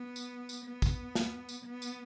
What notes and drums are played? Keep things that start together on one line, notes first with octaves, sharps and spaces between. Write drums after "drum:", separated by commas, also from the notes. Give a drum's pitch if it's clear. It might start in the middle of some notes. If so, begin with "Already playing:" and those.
Already playing: B3
drum: tambourine
drum: tambourine
B3
drum: kick, tambourine
drum: snare
drum: tambourine
B3
drum: tambourine